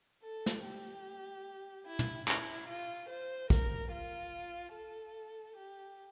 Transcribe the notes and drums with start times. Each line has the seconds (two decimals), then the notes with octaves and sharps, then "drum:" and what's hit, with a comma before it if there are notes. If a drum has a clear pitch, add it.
0.22 A4
0.46 drum: snare
0.63 G4
1.86 E4
1.99 drum: tom
2.28 E4, drum: clap
2.69 F4
3.09 C5
3.50 A#4, drum: kick
3.92 F4
4.74 A4
5.56 G4